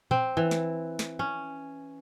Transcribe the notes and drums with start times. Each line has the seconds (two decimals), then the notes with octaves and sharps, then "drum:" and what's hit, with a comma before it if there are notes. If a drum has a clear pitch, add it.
0.11 C4, drum: tom A#2
0.37 E3
0.51 drum: snare
0.99 drum: snare
1.19 C#4